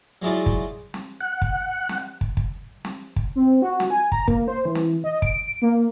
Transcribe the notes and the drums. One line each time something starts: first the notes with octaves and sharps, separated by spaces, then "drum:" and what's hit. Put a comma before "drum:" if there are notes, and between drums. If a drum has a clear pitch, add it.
F#3 G#3 E4 F4 D5
drum: kick
drum: snare
F#5
drum: kick
drum: snare
drum: kick
drum: kick
drum: snare
drum: kick
C4
F#4
drum: snare
G#5
A#5, drum: kick
A#3, drum: kick
C5
E3
drum: snare
D#5
D7, drum: kick
A#3